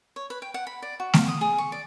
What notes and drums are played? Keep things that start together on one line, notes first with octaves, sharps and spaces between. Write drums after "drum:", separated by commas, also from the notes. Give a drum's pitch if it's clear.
C#5
B4
G5
F#5
B5
D5
F#4
F5, drum: snare A3
D#6
G#4
C#6
D5